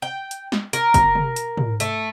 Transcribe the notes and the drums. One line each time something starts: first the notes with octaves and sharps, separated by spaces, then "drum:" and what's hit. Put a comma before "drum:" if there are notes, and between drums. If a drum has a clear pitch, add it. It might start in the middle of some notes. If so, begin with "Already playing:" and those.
G5
drum: hi-hat
drum: snare
A#4, drum: hi-hat
drum: kick, hi-hat
drum: tom
drum: hi-hat
drum: tom
A3, drum: hi-hat